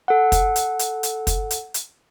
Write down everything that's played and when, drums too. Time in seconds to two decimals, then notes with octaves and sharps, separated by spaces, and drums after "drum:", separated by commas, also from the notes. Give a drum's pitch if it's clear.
0.08 A4 F#5
0.32 drum: kick, hi-hat
0.56 drum: hi-hat
0.79 drum: hi-hat
1.03 drum: hi-hat
1.27 drum: kick, hi-hat
1.51 drum: hi-hat
1.74 drum: hi-hat